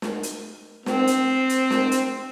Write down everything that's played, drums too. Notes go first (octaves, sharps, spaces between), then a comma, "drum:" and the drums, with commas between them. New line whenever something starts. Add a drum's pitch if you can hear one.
drum: snare
drum: hi-hat
C4, drum: snare
drum: hi-hat
drum: hi-hat
drum: snare
drum: hi-hat